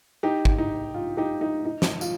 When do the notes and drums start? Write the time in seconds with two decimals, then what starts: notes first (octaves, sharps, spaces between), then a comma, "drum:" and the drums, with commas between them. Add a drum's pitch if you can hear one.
0.23 D#4 G4
0.45 drum: kick
0.58 D#4
0.94 F4
1.17 D#4 G4
1.41 D#4
1.65 D#4
1.82 drum: snare
2.01 F4, drum: tambourine